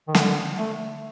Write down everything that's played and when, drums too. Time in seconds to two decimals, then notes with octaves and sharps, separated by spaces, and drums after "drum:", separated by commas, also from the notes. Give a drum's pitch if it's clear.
0.08 D#3
0.15 D3, drum: snare
0.58 A3